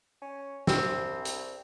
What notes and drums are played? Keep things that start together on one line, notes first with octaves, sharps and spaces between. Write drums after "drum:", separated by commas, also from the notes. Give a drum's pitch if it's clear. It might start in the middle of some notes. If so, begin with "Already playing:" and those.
C#4
C2 C4, drum: snare
drum: hi-hat